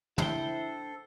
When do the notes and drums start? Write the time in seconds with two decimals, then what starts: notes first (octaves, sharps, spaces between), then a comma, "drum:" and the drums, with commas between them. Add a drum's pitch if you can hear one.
0.18 D4 E4 A4 C5 G5, drum: tom